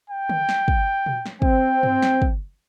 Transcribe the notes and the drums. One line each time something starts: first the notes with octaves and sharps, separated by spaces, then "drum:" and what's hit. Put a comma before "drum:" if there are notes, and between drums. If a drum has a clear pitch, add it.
G5
drum: tom D3
drum: snare
drum: kick
drum: tom A#2
drum: snare
C4 G5, drum: kick
drum: tom G2
drum: snare
drum: kick